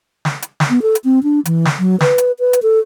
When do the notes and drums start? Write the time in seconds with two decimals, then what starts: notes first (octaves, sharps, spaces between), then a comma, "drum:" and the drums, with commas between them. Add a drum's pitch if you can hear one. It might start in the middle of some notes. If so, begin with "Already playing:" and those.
0.25 drum: snare
0.42 drum: hi-hat
0.60 drum: snare
0.70 B3
0.82 A4
0.95 drum: hi-hat
1.04 C4
1.23 D4
1.45 E3, drum: hi-hat
1.65 drum: snare
1.79 F#3
2.01 B4, drum: snare
2.18 drum: hi-hat
2.39 B4
2.53 drum: hi-hat
2.62 A4